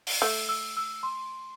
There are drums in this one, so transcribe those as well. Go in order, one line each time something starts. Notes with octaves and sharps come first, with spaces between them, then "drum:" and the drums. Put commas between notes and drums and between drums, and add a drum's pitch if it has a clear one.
drum: open hi-hat
A3 E6
E6
E6
C6